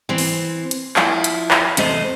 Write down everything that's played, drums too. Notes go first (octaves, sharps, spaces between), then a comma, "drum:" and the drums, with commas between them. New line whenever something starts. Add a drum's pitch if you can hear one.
E3 C4
drum: open hi-hat
drum: hi-hat
F3 E4, drum: clap
drum: hi-hat
drum: clap
E2 C3 A3 C5 D#5, drum: hi-hat